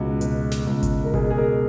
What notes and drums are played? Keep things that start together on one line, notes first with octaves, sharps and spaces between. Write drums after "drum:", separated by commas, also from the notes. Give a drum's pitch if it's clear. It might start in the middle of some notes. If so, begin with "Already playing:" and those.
Already playing: C#2 B2 F#4
B2, drum: hi-hat
drum: snare
C#2
drum: kick G#1, hi-hat
A#4
B2 G#4, drum: kick G#1
G#4
A#4